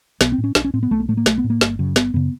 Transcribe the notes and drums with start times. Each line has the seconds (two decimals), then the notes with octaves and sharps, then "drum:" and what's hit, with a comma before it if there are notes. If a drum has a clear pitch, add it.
0.21 B1 B3, drum: snare
0.32 C4
0.38 A2
0.44 C#4
0.55 B1 D4, drum: snare
0.65 C#4
0.74 A2 C4
0.83 B3
0.91 B1 A3
1.00 A#3
1.08 A2 A3
1.17 A#3
1.26 B1 A3, drum: snare
1.38 B3
1.44 A2
1.50 A#3
1.61 G1, drum: snare
1.79 F#2 C#3
1.96 G1 B3, drum: snare
2.14 F#2 C#3 B3